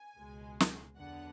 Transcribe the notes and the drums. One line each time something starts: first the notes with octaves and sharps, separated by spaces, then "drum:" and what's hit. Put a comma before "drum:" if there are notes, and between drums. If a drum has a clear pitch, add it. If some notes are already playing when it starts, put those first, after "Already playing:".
Already playing: G#5
C#2 B2 G#3
drum: snare
E2 D3 F#3 B3 F#5